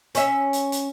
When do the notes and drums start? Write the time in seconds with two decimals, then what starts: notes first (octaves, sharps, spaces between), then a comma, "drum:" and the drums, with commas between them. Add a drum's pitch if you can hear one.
0.15 C#4 E5, drum: hi-hat
0.53 drum: hi-hat
0.72 drum: hi-hat